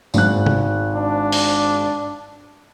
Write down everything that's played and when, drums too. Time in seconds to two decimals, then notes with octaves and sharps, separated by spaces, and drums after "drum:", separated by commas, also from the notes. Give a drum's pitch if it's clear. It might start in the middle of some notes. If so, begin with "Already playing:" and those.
0.14 G#1 G#2 F#6, drum: tambourine
0.46 drum: tom C3
0.96 D4
1.32 drum: open hi-hat